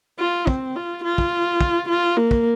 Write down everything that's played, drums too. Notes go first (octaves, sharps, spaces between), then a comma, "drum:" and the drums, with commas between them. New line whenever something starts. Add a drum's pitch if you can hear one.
F4
C4, drum: kick
F4
F4
drum: kick
drum: kick
F4
A#3
drum: kick